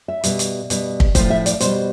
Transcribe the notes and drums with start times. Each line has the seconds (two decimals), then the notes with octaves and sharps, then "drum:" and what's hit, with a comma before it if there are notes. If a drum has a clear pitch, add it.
0.08 E5
0.24 B2 G3, drum: hi-hat
0.39 drum: hi-hat
0.70 B2 G3, drum: hi-hat
1.00 drum: kick
1.15 A2 F3 C5, drum: kick, hi-hat
1.30 E5
1.46 D5, drum: hi-hat
1.60 B2 G3 C5, drum: hi-hat